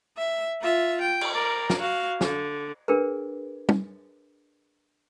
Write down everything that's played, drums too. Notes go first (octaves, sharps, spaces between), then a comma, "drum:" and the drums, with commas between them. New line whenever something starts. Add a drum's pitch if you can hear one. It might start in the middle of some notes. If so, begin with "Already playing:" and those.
E5
F4 E5
G5
drum: cymbal
A#4 D5
drum: snare
F#4 F5
D3, drum: snare
D4 G#4 A#4 B4
drum: tom